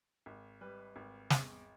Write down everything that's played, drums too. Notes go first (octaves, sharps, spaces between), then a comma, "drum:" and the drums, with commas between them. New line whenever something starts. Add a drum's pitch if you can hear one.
G#1
G3 B4
G#1
E2, drum: snare